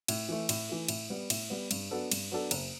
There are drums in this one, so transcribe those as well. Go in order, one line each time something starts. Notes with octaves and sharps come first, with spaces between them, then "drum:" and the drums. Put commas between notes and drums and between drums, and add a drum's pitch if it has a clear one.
A2, drum: cymbal
E3 A3
A2, drum: cymbal
E3 A3
A2, drum: cymbal
G3 B3
A2, drum: cymbal
G3 B3
G2, drum: cymbal
F#3 B3 D4 A4
G2, drum: cymbal
F#3 B3 D4 A4
F#1, drum: cymbal